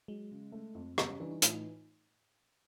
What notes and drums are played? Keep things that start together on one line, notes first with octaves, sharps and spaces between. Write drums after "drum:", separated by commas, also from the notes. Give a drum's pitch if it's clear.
F#3 G#3
C#3
A3
F2
G3, drum: rim click
C#4
E3 D4
D#4
A2 F4, drum: hi-hat
D#4